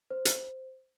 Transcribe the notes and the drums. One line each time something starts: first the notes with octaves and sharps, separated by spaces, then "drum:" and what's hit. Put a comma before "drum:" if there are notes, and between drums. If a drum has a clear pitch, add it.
C5
drum: hi-hat